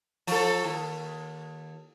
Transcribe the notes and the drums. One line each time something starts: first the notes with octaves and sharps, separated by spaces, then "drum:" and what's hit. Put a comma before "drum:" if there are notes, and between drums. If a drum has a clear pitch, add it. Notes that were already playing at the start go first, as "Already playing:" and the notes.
F3 A4, drum: open hi-hat
D#2